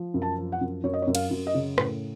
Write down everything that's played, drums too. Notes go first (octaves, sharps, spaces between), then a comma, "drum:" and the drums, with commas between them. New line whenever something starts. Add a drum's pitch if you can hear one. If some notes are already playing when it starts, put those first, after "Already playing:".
Already playing: F3
F#2
A5
F3
F#5
F#2
F#2 C#5
D#5
C#5
F#2
F5, drum: cymbal
F#2
D#5
C#3
A2, drum: rim click